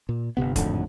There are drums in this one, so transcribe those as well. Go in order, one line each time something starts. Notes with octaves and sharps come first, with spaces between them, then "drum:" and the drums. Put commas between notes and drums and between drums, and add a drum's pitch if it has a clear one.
A#2
G1 G#2 C3 B3
G#1 F2 A2 D3, drum: kick, hi-hat